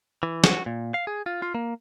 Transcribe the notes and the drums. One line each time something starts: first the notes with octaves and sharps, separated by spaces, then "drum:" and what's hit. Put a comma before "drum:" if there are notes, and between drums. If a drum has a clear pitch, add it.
E3
F#4, drum: snare
A#2
F5
G#4
F4
F4
A#3